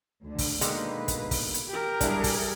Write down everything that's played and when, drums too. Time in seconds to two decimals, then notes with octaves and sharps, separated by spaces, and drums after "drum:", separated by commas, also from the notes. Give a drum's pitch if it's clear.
0.23 D2 D3
0.38 drum: kick, open hi-hat
0.61 B2 D3 D#3 G#3 A#3 B4, drum: hi-hat
1.08 drum: kick, hi-hat
1.31 drum: kick, open hi-hat
1.54 drum: hi-hat
1.69 G4 A#4
2.01 G3 D4 E4 G#4, drum: kick, hi-hat
2.24 drum: kick, open hi-hat